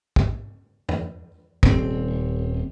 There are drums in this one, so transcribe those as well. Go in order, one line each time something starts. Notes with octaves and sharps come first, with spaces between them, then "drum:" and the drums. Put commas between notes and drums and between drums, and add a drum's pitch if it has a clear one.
drum: kick
drum: tom F2
D#1 C4, drum: kick